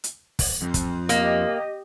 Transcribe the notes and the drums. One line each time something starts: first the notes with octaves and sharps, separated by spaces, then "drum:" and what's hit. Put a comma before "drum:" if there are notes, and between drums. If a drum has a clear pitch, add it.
drum: hi-hat
drum: kick, open hi-hat
F2
drum: kick, hi-hat
A#3 G4 D#5, drum: hi-hat